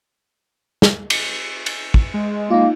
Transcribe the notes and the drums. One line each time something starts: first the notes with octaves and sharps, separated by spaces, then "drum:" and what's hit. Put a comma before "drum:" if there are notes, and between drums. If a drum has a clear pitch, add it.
drum: snare
drum: cymbal
drum: cymbal
drum: kick
G#3
A#3 D#4 F4